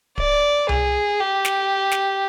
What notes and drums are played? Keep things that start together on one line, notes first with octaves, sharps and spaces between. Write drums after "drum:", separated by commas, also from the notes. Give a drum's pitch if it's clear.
D5, drum: kick D1
G#4, drum: tom C2
G4
drum: snare
drum: snare